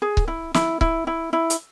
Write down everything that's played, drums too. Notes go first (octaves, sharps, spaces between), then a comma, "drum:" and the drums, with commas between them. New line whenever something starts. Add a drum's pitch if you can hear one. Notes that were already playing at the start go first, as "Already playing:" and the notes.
G#4
drum: kick C#1
E4
E4, drum: snare
E4, drum: kick C#1
E4
E4
drum: hi-hat